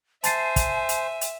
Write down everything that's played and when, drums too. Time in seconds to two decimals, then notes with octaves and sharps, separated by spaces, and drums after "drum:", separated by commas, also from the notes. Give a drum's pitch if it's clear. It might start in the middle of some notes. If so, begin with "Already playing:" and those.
0.24 C5 E5 G#5 A5 A6 C7, drum: hi-hat
0.56 drum: kick, hi-hat
0.89 drum: hi-hat
1.21 drum: hi-hat